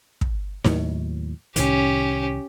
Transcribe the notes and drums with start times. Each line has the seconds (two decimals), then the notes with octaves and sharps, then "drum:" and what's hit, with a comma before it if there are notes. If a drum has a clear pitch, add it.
0.21 drum: kick
0.64 D#2 A2 F#3, drum: snare D#4
1.56 C2 A2 D#3 C#4 G4, drum: hi-hat